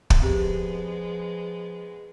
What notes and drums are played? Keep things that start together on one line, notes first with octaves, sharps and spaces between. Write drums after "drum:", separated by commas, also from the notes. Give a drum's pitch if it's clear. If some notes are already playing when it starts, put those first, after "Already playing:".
drum: kick
F3 G#3 B3 C4 G4